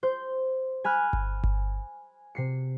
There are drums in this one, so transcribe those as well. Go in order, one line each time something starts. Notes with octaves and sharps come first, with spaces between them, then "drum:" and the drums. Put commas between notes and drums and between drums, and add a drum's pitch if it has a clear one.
C5 G6
G#5 B5 F6 F#6 G#6
drum: kick G1
drum: kick G1
C3 C7 C#7